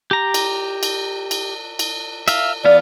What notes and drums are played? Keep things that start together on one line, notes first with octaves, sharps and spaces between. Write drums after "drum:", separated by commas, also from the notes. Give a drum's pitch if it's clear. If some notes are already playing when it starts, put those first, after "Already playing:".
G4 A#5
drum: cymbal
drum: cymbal
drum: cymbal
drum: cymbal
E5 F5, drum: cymbal
E3 B3 D5 F5